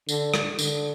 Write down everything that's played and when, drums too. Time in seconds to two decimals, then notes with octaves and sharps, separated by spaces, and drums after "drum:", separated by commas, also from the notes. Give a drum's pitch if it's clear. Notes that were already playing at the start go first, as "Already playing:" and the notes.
0.09 D3, drum: tambourine
0.34 drum: rim click
0.59 D3, drum: tambourine